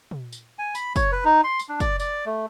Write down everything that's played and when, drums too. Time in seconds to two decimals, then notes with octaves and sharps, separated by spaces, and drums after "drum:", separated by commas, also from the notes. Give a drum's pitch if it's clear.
0.11 drum: tom
0.32 drum: tambourine
0.59 G#5
0.75 B5, drum: tambourine
0.96 C#5, drum: kick, tambourine
1.12 B4
1.25 D#4
1.44 C6
1.59 drum: tambourine
1.69 D4
1.80 D5, drum: kick, tambourine
2.00 D5, drum: tambourine
2.26 A3